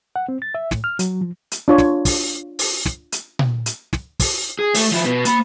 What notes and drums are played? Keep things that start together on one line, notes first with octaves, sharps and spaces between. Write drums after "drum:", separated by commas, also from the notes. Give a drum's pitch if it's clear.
F#5
C4
A6
E5
A2, drum: snare
F6
F#3, drum: hi-hat
F3
drum: hi-hat
D4 F4 C#5
drum: snare
drum: kick, open hi-hat
drum: open hi-hat
drum: snare
drum: hi-hat
drum: tom A#2
drum: hi-hat
drum: snare
drum: kick, open hi-hat
G#4
A3, drum: open hi-hat
F3 E4
B2 B3
A#3 B5, drum: hi-hat